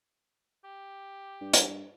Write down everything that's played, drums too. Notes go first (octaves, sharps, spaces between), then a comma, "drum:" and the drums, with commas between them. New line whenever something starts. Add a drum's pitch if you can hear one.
G4
G2
drum: hi-hat